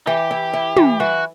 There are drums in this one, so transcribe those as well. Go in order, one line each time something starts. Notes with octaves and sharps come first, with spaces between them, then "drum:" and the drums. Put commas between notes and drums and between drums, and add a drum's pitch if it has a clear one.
E3 G4
E4
E4
E3, drum: tom
E3 F#4